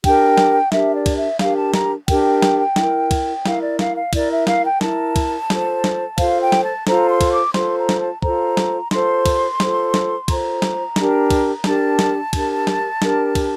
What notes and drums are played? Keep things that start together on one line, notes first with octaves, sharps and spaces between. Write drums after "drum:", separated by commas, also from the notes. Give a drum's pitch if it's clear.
D4 G4 A#4 G5, drum: kick, cymbal
drum: snare
D4 G4 A#4 E5, drum: snare
D5
drum: kick, cymbal
E5
D4 G4 A#4 F5, drum: snare
A5
A#5, drum: snare
D4 G4 A#4 G5, drum: kick, cymbal
drum: snare
E4, drum: snare
A#4
drum: kick, cymbal
E4 A#4 F5, drum: snare
D5
F5, drum: snare
F5
E4 A#4 D5, drum: kick, cymbal
E5
F5, drum: snare
G5
E4 A#4 A5, drum: snare
drum: kick, cymbal
F4 A4 C5, drum: snare
drum: snare
F4 A4 C5 F5, drum: kick, cymbal
G5
drum: snare
A5
F4 A4 C5 A#5, drum: snare
C6
drum: kick, cymbal
D6
F4 A4 C5 C6, drum: snare
A#5
drum: snare
A5
F4 A4 C5 A#5, drum: kick
drum: snare
F4 A4 C5 C6, drum: snare
drum: kick, cymbal
F4 A4 C5, drum: snare
drum: snare
F4 A4 C5 A#5, drum: kick, cymbal
drum: snare
D4 G4 A#4, drum: snare
drum: kick, cymbal
D4 G4 A#4 A5, drum: snare
drum: snare
D4 G4 A#4, drum: kick, cymbal
drum: snare
D4 G4 A#4, drum: snare
drum: kick, cymbal